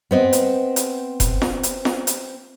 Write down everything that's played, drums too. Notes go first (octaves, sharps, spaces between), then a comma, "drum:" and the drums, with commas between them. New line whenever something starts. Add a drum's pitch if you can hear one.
B3 C4 D#5
drum: hi-hat
drum: hi-hat
drum: kick F1, hi-hat
drum: snare
drum: hi-hat
drum: snare
drum: hi-hat